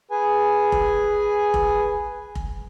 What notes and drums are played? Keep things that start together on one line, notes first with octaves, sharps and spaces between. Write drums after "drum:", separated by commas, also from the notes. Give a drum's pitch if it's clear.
G#4 B4 G#5
drum: kick F1
drum: kick F1
drum: kick F1